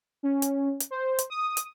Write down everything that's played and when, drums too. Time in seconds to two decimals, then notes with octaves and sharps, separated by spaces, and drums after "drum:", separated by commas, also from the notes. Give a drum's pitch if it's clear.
0.23 C#4
0.42 drum: hi-hat
0.80 drum: hi-hat
0.91 C5
1.19 drum: hi-hat
1.30 D#6
1.57 drum: hi-hat